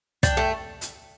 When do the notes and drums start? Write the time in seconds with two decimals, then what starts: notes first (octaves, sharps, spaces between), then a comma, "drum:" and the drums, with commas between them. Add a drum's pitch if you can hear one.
0.23 D4 G5, drum: kick, hi-hat
0.37 A3
0.81 drum: hi-hat